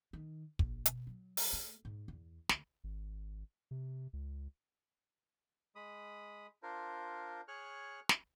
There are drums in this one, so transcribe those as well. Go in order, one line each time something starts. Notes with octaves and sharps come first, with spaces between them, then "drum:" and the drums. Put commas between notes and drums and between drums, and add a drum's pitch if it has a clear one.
D#3
A#1, drum: kick
B2, drum: hi-hat
F#3
drum: open hi-hat
A3
G#2
E2
D2, drum: snare
G#1
C3
C#2
G#3 B5 D#6
D4 F4 A#4 C5
G#4 C#5 C#6 F6 F#6
drum: snare